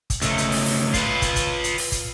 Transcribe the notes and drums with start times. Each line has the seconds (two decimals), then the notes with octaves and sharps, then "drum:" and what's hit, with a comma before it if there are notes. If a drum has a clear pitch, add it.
0.10 drum: kick, hi-hat
0.22 C#2 A3, drum: hi-hat
0.38 drum: hi-hat
0.52 drum: open hi-hat
0.66 drum: open hi-hat
0.94 F4 B4, drum: kick, hi-hat
1.22 drum: kick, hi-hat
1.36 drum: kick, hi-hat
1.64 drum: hi-hat
1.78 drum: open hi-hat
1.92 drum: kick, hi-hat